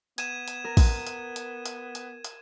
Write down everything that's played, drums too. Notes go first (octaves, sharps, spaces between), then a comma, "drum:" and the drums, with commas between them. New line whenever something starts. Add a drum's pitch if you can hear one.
B3 G#6 D#7 E7, drum: hi-hat
drum: hi-hat
A#4
drum: kick, open hi-hat
drum: hi-hat
drum: hi-hat
drum: hi-hat
drum: hi-hat
drum: hi-hat